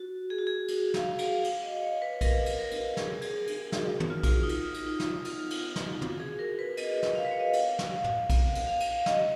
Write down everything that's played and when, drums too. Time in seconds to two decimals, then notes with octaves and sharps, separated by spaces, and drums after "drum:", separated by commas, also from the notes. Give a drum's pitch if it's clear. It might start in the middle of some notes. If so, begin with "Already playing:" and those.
Already playing: F#4
0.30 G#4
0.38 F#4
0.47 G#4
0.68 drum: cymbal
0.94 F5, drum: snare
1.18 F#5, drum: cymbal
1.44 F5, drum: cymbal
1.63 D#5
1.82 C#5
2.02 B4
2.21 A#4, drum: kick, cymbal
2.46 drum: cymbal
2.59 A#4
2.71 drum: cymbal
2.97 G#4, drum: snare
3.22 G#4, drum: cymbal
3.39 A#4
3.47 G#4, drum: cymbal
3.72 F#4, drum: snare
4.00 D#4, drum: tom
4.10 F4
4.23 drum: kick, cymbal
4.43 D#4
4.49 F4, drum: cymbal
4.74 drum: cymbal
4.86 D#4
5.00 drum: snare
5.25 F4, drum: cymbal
5.50 drum: cymbal
5.76 drum: snare
6.02 F#4, drum: tom
6.20 G#4
6.39 A#4
6.59 B4
6.77 D#5, drum: cymbal
7.03 drum: snare
7.15 F5
7.25 B4
7.31 C#5
7.39 D#5
7.47 F5
7.53 F#5, drum: cymbal
7.79 drum: snare
7.92 F5
8.04 drum: tom
8.30 F#5, drum: kick, cymbal
8.55 drum: cymbal
8.67 F5
8.80 drum: cymbal
9.06 D#5, drum: snare